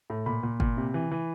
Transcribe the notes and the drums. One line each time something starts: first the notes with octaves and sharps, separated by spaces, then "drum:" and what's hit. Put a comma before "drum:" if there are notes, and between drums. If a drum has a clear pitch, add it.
A2
A#2 B5
A#2
A#2, drum: kick
C3
E3
E3